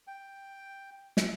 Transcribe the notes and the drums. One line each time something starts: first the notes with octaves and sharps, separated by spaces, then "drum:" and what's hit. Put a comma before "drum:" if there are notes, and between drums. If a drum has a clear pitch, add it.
G5
drum: snare